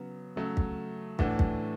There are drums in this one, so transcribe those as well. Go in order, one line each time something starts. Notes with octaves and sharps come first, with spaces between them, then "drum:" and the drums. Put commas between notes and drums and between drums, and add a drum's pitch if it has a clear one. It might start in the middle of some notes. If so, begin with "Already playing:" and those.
Already playing: C#3 F#3 B3
C#3 F#3 A3
drum: kick
A2 E3 A3 D4 F#4, drum: kick
drum: kick